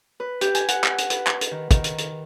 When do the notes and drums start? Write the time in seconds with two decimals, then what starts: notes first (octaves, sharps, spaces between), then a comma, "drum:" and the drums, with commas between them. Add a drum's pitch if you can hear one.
0.20 B4
0.41 G4, drum: hi-hat
0.55 G#5, drum: hi-hat
0.68 F#5, drum: hi-hat
0.84 drum: clap
0.98 drum: hi-hat
1.10 B4, drum: hi-hat
1.27 drum: clap
1.41 drum: hi-hat
1.51 D#3
1.71 D#3, drum: kick, hi-hat
1.84 drum: hi-hat
1.98 drum: hi-hat